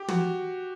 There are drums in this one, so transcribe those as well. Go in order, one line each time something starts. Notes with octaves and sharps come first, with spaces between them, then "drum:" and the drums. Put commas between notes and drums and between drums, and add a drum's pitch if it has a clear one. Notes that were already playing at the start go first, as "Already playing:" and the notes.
Already playing: G4
F#4, drum: tom